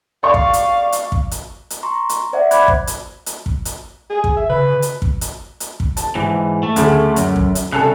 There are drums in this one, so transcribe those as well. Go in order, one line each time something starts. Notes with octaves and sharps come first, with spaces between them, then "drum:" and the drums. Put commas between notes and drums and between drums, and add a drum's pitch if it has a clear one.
D5 F5 C#6
drum: kick
drum: hi-hat
drum: hi-hat
drum: kick
drum: hi-hat
drum: hi-hat
A#5 C6 C#6
drum: hi-hat
C5 D5 E5 F#5
B5 D6 F#6 G#6, drum: hi-hat
drum: kick
drum: hi-hat
drum: hi-hat
drum: kick
drum: hi-hat
G#4
drum: kick
E5
C#3 B4
drum: hi-hat
drum: kick
drum: hi-hat
drum: hi-hat
drum: kick
A5, drum: hi-hat
G#2 E3
A3
D2 C#3, drum: hi-hat
F#2, drum: hi-hat
drum: kick
drum: hi-hat
C2 C#3 A4 F#6